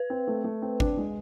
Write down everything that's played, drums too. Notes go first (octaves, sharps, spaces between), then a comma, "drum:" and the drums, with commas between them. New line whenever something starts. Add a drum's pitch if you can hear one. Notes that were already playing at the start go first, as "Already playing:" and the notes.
Already playing: B4
C4
A3
A3
C4
D4, drum: kick
G#3